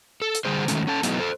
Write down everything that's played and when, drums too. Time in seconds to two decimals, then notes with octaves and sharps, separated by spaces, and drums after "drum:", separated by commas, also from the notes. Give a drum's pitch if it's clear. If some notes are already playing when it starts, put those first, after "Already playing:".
0.22 A4
0.35 drum: hi-hat
0.45 D3 G3 G#4 C5
0.68 D#3 F#3 G#3 A3 C#4, drum: hi-hat
0.87 C#4 A4 A5
1.03 F#3 A3 B3 D#4 E4 G#4, drum: hi-hat
1.19 A4 C5